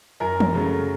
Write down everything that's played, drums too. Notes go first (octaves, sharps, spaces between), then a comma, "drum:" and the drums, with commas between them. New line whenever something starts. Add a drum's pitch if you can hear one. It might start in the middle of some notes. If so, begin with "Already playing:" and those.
F#2 A#4
drum: tom E3
C#3 F#3 A3